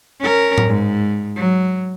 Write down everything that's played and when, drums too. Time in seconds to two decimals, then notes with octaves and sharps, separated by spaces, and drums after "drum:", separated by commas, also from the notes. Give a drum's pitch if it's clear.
0.20 C#4 A#4
0.58 drum: tom A2
0.67 G#2
1.36 F#3